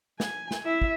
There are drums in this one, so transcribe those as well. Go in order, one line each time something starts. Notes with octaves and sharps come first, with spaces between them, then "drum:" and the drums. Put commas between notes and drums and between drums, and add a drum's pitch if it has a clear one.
G#5, drum: snare
drum: snare
E4 E5
drum: kick